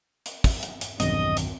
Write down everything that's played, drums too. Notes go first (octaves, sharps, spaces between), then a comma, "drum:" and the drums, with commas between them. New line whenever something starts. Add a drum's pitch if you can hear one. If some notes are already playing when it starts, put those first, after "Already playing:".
drum: hi-hat
drum: kick, open hi-hat
drum: hi-hat
drum: hi-hat
B1 E2 G2 D#3 C4 D#5, drum: hi-hat
drum: hi-hat